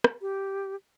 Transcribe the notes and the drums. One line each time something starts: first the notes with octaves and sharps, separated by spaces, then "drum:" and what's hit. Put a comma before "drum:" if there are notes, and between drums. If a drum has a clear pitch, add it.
drum: rim click
G4